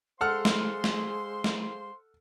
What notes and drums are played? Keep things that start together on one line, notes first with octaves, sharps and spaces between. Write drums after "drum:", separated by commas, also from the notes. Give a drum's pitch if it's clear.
G#3 A4 C5 F5 F#5 C6 F6
drum: snare
drum: snare
drum: snare